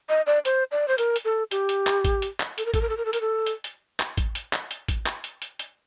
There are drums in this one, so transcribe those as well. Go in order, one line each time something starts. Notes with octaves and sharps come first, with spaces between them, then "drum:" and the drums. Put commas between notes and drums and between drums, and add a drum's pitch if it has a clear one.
D#5
D5
C5, drum: hi-hat
D5
C5
A#4, drum: hi-hat
drum: hi-hat
A4
G4, drum: hi-hat
drum: hi-hat
drum: clap
drum: kick, hi-hat
drum: hi-hat
drum: clap
A4, drum: hi-hat
A#4
A4, drum: kick, hi-hat
A#4
A4
A#4
A4
A#4, drum: hi-hat
A4
drum: hi-hat
drum: hi-hat
drum: clap
drum: kick, hi-hat
drum: hi-hat
drum: clap
drum: hi-hat
drum: kick, hi-hat
drum: clap
drum: hi-hat
drum: hi-hat
drum: hi-hat